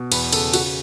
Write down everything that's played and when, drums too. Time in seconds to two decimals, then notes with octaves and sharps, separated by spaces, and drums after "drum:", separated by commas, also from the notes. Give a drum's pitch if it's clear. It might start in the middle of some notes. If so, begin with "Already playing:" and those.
Already playing: B2
0.12 E2 B4, drum: cymbal
0.32 C#3 A4, drum: cymbal
0.53 C#3 F#4, drum: cymbal